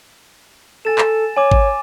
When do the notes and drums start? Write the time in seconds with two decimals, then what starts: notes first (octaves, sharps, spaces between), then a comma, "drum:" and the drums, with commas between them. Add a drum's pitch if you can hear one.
0.85 A4 G#5 A6 E7
0.98 drum: clap
1.37 C#5 G#5 D6
1.51 drum: kick G#1